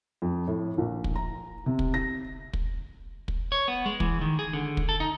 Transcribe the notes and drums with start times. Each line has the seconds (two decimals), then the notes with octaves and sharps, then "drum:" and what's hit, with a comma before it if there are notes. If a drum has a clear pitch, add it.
0.22 F2
0.48 A2
0.78 A#1
1.04 drum: kick
1.15 A#5
1.66 C3
1.79 drum: kick
1.94 A#6
2.53 drum: kick
3.28 drum: kick
3.52 C#5
3.68 B3
3.86 G#3
4.00 E3, drum: kick
4.21 D#3
4.39 G#4
4.53 D3
4.77 drum: kick
4.89 A4
5.00 D#4